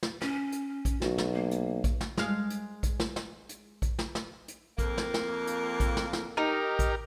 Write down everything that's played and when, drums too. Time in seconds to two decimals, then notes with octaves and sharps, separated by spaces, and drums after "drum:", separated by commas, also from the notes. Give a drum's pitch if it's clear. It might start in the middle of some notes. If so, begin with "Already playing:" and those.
0.03 drum: snare
0.22 C#4, drum: snare
0.52 drum: hi-hat
0.85 drum: kick A#1, hi-hat
1.02 B1 F#4, drum: snare
1.18 drum: snare
1.34 A#3
1.51 drum: hi-hat
1.84 drum: kick A#1, hi-hat
2.01 drum: snare
2.17 G#3 F5, drum: snare
2.50 drum: hi-hat
2.83 drum: kick A#1, hi-hat
3.00 drum: snare
3.16 drum: snare
3.49 drum: hi-hat
3.82 drum: kick A#1, hi-hat
3.99 drum: snare
4.15 drum: snare
4.48 drum: hi-hat
4.78 F2 A#3, drum: kick A#1, hi-hat
4.98 drum: snare
5.14 drum: snare
5.47 drum: hi-hat
5.80 drum: kick A#1, hi-hat
5.97 drum: snare
6.13 drum: snare
6.37 D#4 G4 A#4
6.79 drum: kick A#1, hi-hat